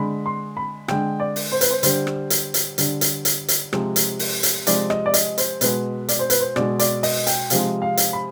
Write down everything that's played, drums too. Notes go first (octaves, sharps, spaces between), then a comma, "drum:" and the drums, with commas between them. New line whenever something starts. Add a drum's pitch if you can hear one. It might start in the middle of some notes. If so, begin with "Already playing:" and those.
Already playing: D3 G#3 B5
C6
B5
D3 G#3 G5, drum: rim click
D5
drum: open hi-hat
C5
B4, drum: hi-hat
C5
D3 G3 C5, drum: hi-hat
drum: rim click
drum: hi-hat
drum: hi-hat
D3 G3, drum: hi-hat
drum: hi-hat
drum: hi-hat
drum: hi-hat
C3 F3 G#3, drum: rim click
drum: hi-hat
drum: open hi-hat
drum: hi-hat
C3 F3 G#3 D5, drum: hi-hat
D#5, drum: rim click
D5
D#5, drum: hi-hat
C5, drum: hi-hat
B2 G#3 B4, drum: hi-hat
D5, drum: hi-hat
C5
B4, drum: hi-hat
C5
B2 G#3 D5, drum: rim click
D5, drum: hi-hat
D#5, drum: open hi-hat
G5, drum: hi-hat
C3 F3 G#3 F5, drum: hi-hat
F5
drum: hi-hat
B5